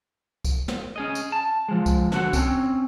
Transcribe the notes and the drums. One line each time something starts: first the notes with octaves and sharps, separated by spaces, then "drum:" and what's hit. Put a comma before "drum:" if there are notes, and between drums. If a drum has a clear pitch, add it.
drum: kick, tambourine
drum: snare
C#4 G#4 D#5
drum: tambourine
A5
F3 G#3
drum: kick, tambourine
D3 F#4 F#5, drum: snare
C4 C#4, drum: kick, tambourine